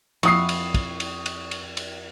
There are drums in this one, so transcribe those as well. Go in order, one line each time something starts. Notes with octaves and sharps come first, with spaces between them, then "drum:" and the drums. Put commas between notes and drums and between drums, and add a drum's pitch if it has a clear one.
F2 E4 F#5 C#6 D#6 C7, drum: cymbal
drum: cymbal
drum: kick, cymbal
drum: cymbal
drum: cymbal
drum: cymbal
drum: cymbal